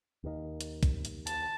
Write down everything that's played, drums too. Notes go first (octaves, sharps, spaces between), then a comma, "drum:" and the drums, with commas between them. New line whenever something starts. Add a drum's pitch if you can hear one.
D#2 D#3
drum: hi-hat
drum: kick, hi-hat
drum: hi-hat
A5, drum: hi-hat